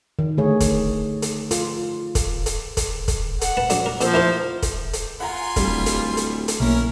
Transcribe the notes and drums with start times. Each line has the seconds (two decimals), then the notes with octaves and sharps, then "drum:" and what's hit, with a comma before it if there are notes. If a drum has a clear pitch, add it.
0.19 D#3
0.37 D3 D#3 A3 G#4 C#5
0.60 drum: kick, hi-hat
1.22 drum: hi-hat
1.51 F4, drum: hi-hat
2.15 drum: kick, hi-hat
2.46 drum: hi-hat
2.77 drum: kick, hi-hat
3.08 drum: kick, hi-hat
3.41 F#5, drum: hi-hat
3.57 B4 A5
3.70 F#3 D4, drum: hi-hat
3.86 A#4
4.01 A#2 F3 A4 C5, drum: hi-hat
4.14 E4 A#4 C5
4.62 drum: kick, hi-hat
4.93 drum: hi-hat
5.20 F4 F#5 G#5 A#5 C6
5.56 D1 G3, drum: kick, hi-hat
5.86 drum: hi-hat
6.17 drum: hi-hat
6.48 drum: hi-hat
6.60 F#1 B1 A#3 C#4 E4 A#4